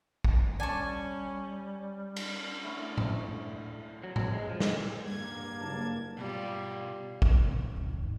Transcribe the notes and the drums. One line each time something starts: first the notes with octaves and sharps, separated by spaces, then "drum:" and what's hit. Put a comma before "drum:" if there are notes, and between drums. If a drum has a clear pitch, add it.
drum: kick
G3 C#4 D5 G#5 A5 C#6
drum: cymbal
D3 A3 E4
drum: tom A2
F#3
F#3, drum: tom A2
G#3
F3
G#3, drum: snare
G2 A#3 G#6
F#1 A5
B2 G3 F4
G#1, drum: kick
C3
A2
E1 D#2
D#2 G3
G#2